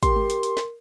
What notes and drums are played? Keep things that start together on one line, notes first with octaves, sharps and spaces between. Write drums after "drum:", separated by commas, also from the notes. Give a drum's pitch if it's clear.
G4 A#4 C6, drum: kick, hi-hat
drum: tom G#3
drum: hi-hat
drum: hi-hat
drum: snare